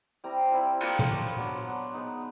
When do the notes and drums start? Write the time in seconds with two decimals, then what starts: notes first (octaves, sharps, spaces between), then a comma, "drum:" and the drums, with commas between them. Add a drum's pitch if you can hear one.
0.24 G3 C4 E4 A#5
0.52 G3 C4 E4
0.80 A#3 D4 F4 B5, drum: cymbal
0.99 C6, drum: tom
1.09 A#3 D4 F4 C#6
1.23 B5
1.37 F#3 B3 D4 C6
1.66 F#3 B3 D4
1.94 G#3 B3 D#4